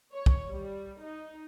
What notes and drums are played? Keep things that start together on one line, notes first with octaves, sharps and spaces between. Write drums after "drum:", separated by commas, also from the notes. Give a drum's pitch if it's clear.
C#5
drum: kick
G3
D#4